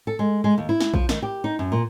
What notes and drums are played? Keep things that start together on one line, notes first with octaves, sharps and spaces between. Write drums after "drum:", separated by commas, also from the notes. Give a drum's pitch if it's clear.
A4
G#3
G#3
D#2
E4
drum: snare
F3, drum: kick A#1
D#3, drum: snare
G4
D#4
F#2
A#2